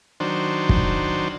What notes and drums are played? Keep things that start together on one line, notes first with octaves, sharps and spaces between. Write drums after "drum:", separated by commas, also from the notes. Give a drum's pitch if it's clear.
D#3 F#3 D4 C5
drum: kick